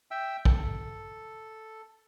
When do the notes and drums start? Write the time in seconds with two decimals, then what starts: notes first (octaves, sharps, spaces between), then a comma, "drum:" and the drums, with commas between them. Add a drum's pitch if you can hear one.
0.11 E5 G5 E6
0.45 A4, drum: kick